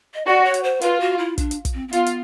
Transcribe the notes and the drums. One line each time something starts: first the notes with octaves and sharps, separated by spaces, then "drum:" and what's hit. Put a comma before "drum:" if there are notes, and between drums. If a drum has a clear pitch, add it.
D#5
F#4 D5
C#5
drum: hi-hat
C5
F4 B4, drum: hi-hat
F#4
E4
D4, drum: kick, hi-hat
drum: hi-hat
drum: kick, hi-hat
C4
C4
B3 F4, drum: hi-hat
drum: hi-hat